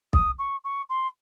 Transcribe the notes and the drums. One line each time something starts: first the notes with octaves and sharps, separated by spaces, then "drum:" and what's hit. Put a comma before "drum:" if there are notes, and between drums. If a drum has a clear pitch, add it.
D#6, drum: kick
C#6
C#6
C6